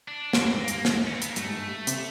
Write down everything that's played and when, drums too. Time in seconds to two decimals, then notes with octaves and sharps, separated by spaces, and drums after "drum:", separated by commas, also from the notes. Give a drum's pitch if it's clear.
0.08 D4
0.33 G2 D4, drum: snare
0.47 G#2 C4
0.60 A#3
0.68 G2, drum: hi-hat
0.73 A#3
0.85 G#2, drum: snare
1.07 C#4
1.15 C4
1.22 B3, drum: hi-hat
1.30 A#3
1.36 G2 A3, drum: hi-hat
1.46 G#2
1.57 G2
1.87 C3, drum: hi-hat